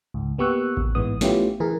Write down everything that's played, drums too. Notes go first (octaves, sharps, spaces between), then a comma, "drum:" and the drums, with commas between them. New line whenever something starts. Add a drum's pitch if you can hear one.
C#2 G#2
A#3 B3 G4 C#6 E6 F#6
drum: kick A1
A1 G#2 E3 G#3 B3 D#6
A3 B3 C#4 E4 F4 G4, drum: snare
E3 G#4 A#4